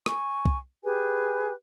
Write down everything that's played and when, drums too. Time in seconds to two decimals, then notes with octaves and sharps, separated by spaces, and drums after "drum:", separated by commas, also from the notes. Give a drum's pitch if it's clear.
0.06 G#5 C#6, drum: rim click
0.45 drum: kick
0.84 G4 G#4 B4 G#5